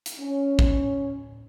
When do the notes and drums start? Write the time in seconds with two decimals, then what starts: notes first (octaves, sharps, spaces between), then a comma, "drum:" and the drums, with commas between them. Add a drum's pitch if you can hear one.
0.06 drum: hi-hat
0.19 C#4
0.59 drum: kick